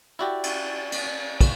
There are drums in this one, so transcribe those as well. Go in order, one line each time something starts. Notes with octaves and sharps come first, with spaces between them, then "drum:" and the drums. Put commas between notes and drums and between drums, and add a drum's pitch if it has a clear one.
E4 F#4 G4 D5
drum: cymbal
drum: cymbal
drum: kick, cymbal